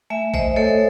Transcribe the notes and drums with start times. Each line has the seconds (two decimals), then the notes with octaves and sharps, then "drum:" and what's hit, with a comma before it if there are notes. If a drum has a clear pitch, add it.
0.10 A3 E5 G#5
0.34 A3 C5 D#5, drum: kick A1
0.56 A3 A4 C#5